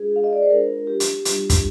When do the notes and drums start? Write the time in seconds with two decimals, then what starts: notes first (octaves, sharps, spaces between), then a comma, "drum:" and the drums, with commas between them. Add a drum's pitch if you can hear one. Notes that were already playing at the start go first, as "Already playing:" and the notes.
Already playing: G#3 D4 F4 G#4
0.16 F5
0.24 D#5
0.33 D5
0.42 C5
0.50 G#3 D4 F4 A#4
0.87 G4
1.00 drum: hi-hat
1.25 G3 D4 F4, drum: hi-hat
1.50 drum: kick, hi-hat